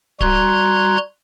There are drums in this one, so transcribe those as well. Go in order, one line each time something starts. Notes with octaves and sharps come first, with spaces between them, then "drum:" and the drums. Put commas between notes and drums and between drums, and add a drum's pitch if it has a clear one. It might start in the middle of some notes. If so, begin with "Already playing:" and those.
G3 F#4 A#5 C6 F#6 G#6, drum: kick D1